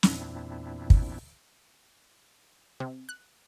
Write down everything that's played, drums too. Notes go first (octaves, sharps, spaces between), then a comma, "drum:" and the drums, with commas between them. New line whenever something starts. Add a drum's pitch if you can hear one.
E2 A#2 C4 D4 E4, drum: snare
drum: kick
C3
F#6